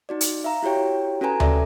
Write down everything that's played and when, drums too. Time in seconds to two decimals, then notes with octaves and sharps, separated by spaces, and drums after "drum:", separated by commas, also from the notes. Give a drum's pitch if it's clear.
0.09 D#4 F#4 D5
0.21 drum: hi-hat
0.44 E5 F5 A#5
0.63 E4 F#4 G4 C#5 G5
1.21 C#4 F#4 A4 B4 G#5 A#5
1.40 C#4 A4 D5 E5, drum: tom D2